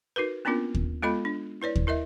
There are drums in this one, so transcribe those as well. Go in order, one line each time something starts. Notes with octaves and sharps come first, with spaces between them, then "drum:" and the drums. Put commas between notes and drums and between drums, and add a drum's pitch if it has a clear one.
D#4 F#4 A#4 B4
A#3 B3 C#4 D4 F4 A#4
drum: kick D#2
G#3 B3 F4 A4 D#5 B5
D4
E4 B4 C#5 D5
drum: kick D#2
E4 A#4 D#5 E5